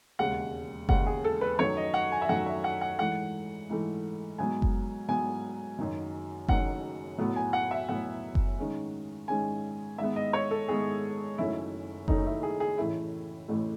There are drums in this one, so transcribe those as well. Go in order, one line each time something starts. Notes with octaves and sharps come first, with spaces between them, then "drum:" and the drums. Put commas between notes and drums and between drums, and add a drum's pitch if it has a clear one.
E1 D#2 C#3 G#3 F#5
E1 D#2 C#3 G#3 F#5, drum: kick F#1
G#4
A4
B4
F#2 D#3 F#3 A3 C#5
D#5
F#5
G#5
E5
F#2 D#3 F#3 A3 F#5
E5
F#5
F#5
G#2 E3 A3 F#5
G#2 E3 A3
G#2 F#3 B3 G#5
drum: kick F#1
G#2 F#3 B3 G#5
F#1 F#2 D#3 F#3
F#1 F#2 D#3 F#3 F#5, drum: kick F#1
B1 A2 F#3 B3
G#5
F#5
E5
B1 A2 F#3 B3 F#5
drum: kick F#1
G#2 D#3 G#3 C#4
G#2 D#3 G#3 C#4 G#5
G#2 D#3 G#3 B3 E5
D#5
C#5
A4
G#2 D#3 G#3 B3 G#4
F#1 F#2 D#3 A3 C#4 E4
F#1 F#2 D#3 A3 C#4 D#4, drum: kick F#1
E4
G#4
G#4
A1 A2 E3 A3 E4
A1 A2 E3 A3